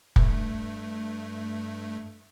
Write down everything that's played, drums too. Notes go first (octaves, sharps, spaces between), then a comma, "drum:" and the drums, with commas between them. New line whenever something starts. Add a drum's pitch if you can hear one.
G2 A3, drum: kick